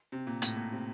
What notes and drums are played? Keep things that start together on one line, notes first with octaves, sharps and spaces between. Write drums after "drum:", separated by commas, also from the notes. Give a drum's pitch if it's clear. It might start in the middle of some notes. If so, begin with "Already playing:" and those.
C3
A#2
A2, drum: hi-hat
A#2
C3